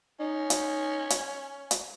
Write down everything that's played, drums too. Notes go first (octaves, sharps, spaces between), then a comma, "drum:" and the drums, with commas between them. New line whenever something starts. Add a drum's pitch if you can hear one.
C#4 D#4
drum: hi-hat
drum: hi-hat
drum: hi-hat